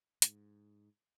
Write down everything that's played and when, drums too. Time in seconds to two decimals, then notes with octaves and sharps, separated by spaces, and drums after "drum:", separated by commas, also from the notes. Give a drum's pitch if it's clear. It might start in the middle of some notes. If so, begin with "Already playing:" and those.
0.22 G#2, drum: hi-hat